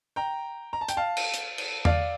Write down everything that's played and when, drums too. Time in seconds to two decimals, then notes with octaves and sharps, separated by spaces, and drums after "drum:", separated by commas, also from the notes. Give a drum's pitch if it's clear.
0.16 G5 A#5
0.73 A#5
0.81 A5
0.88 G5, drum: hi-hat
0.97 F5 A5
1.17 drum: cymbal
1.34 drum: hi-hat
1.58 drum: cymbal
1.85 D5 F5, drum: tom E2